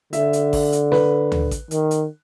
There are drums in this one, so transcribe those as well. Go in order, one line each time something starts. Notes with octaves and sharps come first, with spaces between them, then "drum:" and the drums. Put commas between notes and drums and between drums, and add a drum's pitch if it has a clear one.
D3 E5, drum: hi-hat
drum: hi-hat
drum: kick A1, open hi-hat
drum: hi-hat
B4, drum: snare
drum: tom D2
drum: kick A1, hi-hat
D#3, drum: hi-hat
drum: hi-hat